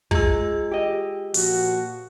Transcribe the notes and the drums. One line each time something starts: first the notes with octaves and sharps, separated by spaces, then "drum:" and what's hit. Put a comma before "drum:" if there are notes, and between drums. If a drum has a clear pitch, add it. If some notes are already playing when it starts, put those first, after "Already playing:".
G#3 F4 E6, drum: kick
G4 D#5
A#2 F3 F#4, drum: open hi-hat